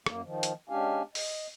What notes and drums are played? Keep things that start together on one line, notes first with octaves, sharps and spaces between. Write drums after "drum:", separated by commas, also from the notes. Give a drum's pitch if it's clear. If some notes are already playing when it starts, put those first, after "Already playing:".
F#2 A#3, drum: rim click
D#3 F3
drum: hi-hat
G#3 C#4 D4 G4 F5 G#5
D#5, drum: open hi-hat